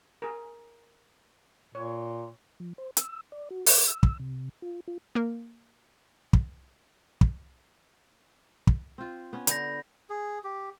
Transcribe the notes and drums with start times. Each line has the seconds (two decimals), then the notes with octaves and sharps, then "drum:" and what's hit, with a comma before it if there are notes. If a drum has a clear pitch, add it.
0.22 G#4 A#4
1.75 A#2 C#5
2.60 F3
2.78 C5
2.97 E6, drum: hi-hat
3.32 D5
3.51 F#4
3.66 D6, drum: open hi-hat
3.87 E6
4.03 drum: kick
4.20 C3
4.62 F4
4.88 F4
5.15 A#3 A#4
6.33 drum: kick
7.21 drum: kick
8.67 drum: kick
8.98 C4 F4
9.33 B3 C#4
9.47 D3 B5 G6 A#6, drum: hi-hat
10.10 G#4
10.44 G4